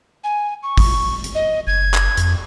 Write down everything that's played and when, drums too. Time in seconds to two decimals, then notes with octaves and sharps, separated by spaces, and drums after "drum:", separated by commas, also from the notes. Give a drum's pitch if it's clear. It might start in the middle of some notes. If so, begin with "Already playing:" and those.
0.24 G#5
0.63 C#6
0.78 drum: kick, open hi-hat
1.24 drum: hi-hat
1.35 D#5
1.67 F#1 G#6
1.94 drum: clap
2.17 F2, drum: hi-hat